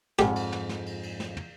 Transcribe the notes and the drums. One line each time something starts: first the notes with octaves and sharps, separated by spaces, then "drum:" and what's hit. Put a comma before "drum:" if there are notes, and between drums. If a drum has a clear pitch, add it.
F2 G#2 G4, drum: snare
drum: cymbal
drum: snare
drum: snare
drum: cymbal
drum: cymbal
drum: snare
drum: tom